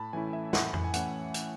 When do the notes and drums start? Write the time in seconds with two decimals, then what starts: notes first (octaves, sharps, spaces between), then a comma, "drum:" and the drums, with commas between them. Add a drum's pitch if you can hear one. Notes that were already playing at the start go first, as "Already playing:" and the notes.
Already playing: A2 A5 B5
0.13 E3 A3 C#4 E4 G#5
0.33 E5
0.53 A2 F#5, drum: snare
0.74 drum: tom F2
0.84 G#5
0.94 E3 A3 C#4 E4 F#5, drum: hi-hat
1.34 drum: hi-hat